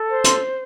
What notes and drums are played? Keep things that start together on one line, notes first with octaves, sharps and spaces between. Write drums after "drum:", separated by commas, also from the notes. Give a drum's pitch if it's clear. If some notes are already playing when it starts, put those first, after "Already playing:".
Already playing: A4
C5
C6, drum: hi-hat